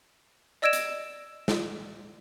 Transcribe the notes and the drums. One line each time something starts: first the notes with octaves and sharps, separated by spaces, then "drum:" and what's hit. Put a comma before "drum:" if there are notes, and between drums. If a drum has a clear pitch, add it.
D5 D#5 E6 G#6 D7 E7
drum: hi-hat
drum: snare